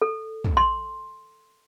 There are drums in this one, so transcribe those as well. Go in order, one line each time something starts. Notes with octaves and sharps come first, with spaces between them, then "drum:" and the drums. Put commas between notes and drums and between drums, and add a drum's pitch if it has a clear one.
A4
drum: tom
C6